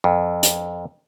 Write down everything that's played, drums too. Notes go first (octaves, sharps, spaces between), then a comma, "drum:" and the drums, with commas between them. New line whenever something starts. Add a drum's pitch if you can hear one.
F2
drum: hi-hat